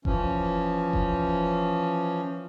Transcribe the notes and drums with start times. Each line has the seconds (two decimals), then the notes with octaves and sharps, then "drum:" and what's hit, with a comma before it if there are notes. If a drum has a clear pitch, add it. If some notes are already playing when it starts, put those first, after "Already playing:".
0.05 E3 F3 C#4, drum: kick F1
0.93 drum: kick F1